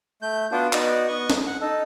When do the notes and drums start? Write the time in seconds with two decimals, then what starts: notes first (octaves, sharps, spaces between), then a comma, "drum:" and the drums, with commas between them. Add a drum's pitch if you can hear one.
0.22 A3 G6
0.52 B3 D4 F4 F#4
0.73 B3 D#4 F#4 D5, drum: clap
1.08 B3 D#5 C#6
1.30 drum: snare
1.47 F#5
1.61 D#4 A4